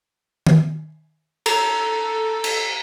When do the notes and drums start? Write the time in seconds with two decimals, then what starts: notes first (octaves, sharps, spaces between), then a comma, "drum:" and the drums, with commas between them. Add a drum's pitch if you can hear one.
0.47 drum: tom
1.46 A4 A#5 F7, drum: cymbal
2.44 drum: cymbal